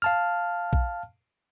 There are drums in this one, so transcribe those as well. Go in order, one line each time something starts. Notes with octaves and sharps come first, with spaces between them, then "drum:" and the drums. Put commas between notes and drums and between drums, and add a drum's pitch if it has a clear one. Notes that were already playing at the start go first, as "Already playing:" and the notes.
F5 A5 F6
drum: kick A#1